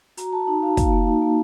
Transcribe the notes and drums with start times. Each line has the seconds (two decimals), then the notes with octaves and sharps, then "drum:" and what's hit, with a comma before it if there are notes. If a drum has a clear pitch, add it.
0.17 F#4 A#5, drum: hi-hat
0.32 F#4 A5
0.47 D#4
0.62 F#4 F5
0.77 A#3 F5, drum: kick, hi-hat
0.93 A#3
1.07 D#4
1.22 A#3